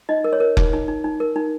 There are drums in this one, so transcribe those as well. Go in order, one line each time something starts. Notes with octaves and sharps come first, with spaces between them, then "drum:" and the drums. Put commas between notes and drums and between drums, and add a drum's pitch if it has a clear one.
D#4 D#5
A#4
C#5
A#4
D#4, drum: kick F1
D#4
D#4
D#4
A#4
D#4